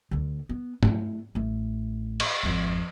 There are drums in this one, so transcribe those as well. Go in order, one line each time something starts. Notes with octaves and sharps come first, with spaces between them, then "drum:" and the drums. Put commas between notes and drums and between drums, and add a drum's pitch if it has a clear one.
D2 D3
B3
A3 E4, drum: tom G#2
A1 A3
drum: cymbal
G#1 F2